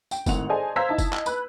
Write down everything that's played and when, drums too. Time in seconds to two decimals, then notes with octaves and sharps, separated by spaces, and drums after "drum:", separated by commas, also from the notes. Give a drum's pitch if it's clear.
0.11 G5, drum: tambourine
0.26 G#1 A2 C4 F#5 F7, drum: kick F#1, tambourine
0.49 G#4 A4 C5 D5 D#5 G#5
0.76 C5 F5 A#5 E6 G#6 B6
0.89 D#4 E4 A5
0.98 drum: kick F#1, tambourine
1.13 drum: clap
1.26 B4 B5 F#6, drum: tambourine